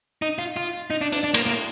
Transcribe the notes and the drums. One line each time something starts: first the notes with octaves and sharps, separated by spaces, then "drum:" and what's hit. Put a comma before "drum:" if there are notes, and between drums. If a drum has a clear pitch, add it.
D#4
F4
F4
D#4
D4
D4, drum: hi-hat
D4
A#3, drum: cymbal
A#3